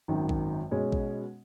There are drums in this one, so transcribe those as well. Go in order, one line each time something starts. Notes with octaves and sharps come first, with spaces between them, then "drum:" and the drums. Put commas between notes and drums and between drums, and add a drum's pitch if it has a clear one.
G#1 F#2 D#3
drum: kick A1
B2 G#3 C#4
drum: kick A1